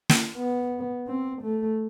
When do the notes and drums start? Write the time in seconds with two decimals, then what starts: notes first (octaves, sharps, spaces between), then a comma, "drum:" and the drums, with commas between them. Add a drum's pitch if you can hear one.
0.09 drum: snare
0.37 B3
1.08 C4
1.42 A3